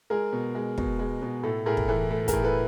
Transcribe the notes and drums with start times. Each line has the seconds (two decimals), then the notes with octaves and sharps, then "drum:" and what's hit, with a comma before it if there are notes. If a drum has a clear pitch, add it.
0.10 G#3 G#4 A#4
0.32 B2
0.55 G#3
0.78 B2, drum: kick
0.99 G#3
1.22 B2
1.43 A2 A4
1.66 A2 G#4 A#4
1.77 drum: kick
1.88 E3 A4
2.10 A3 A4
2.28 G#4 A#4, drum: kick, hi-hat
2.33 A2
2.44 A4 B4